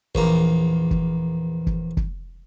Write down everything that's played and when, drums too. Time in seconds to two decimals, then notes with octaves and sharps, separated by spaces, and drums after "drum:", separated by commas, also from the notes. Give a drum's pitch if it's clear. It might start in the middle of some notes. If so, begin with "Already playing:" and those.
0.15 A#1 E2 A#3, drum: kick
0.91 drum: kick
1.67 drum: kick
1.97 drum: kick